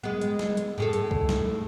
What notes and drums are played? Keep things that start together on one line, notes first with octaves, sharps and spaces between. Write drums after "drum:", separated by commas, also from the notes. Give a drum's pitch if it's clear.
G#3 B3
drum: hi-hat
drum: snare
drum: hi-hat
A2 G#4 A4
drum: hi-hat
drum: kick C#2
drum: snare